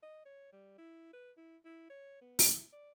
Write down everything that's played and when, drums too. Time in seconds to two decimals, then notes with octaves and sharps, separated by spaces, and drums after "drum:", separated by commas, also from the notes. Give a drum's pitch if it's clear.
0.03 D#5
0.25 C#5
0.52 G3
0.79 E4
1.13 B4
1.37 E4
1.65 E4
1.90 C#5
2.21 B3
2.39 drum: open hi-hat
2.51 E4
2.72 D5